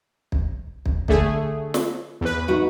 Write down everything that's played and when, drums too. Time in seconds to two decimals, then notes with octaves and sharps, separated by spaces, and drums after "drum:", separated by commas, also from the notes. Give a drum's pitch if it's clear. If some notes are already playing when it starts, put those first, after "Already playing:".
0.32 drum: kick
0.86 drum: kick
1.08 D3 A3 G#4, drum: kick
1.74 drum: snare
2.21 E2 B4
2.48 D#3 F#4 E5